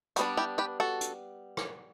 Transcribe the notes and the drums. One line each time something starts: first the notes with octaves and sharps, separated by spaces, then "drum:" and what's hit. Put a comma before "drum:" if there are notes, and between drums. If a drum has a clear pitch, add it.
G3 B3 D4 F#4, drum: hi-hat
E4 G4
G4 B4
F#4 A4
drum: hi-hat
drum: rim click